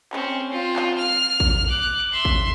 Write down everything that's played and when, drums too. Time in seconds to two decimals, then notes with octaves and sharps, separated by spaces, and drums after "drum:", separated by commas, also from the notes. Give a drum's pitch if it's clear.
0.13 C4 C#4, drum: clap
0.50 C4 F4
0.76 drum: clap
0.98 F6
1.40 drum: kick A1
1.69 D6 F#6
2.12 E5 C6
2.25 drum: kick A1